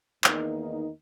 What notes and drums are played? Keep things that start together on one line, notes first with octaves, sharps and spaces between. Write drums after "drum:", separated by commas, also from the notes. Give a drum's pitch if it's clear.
E2 D#3 A#3 D#4, drum: clap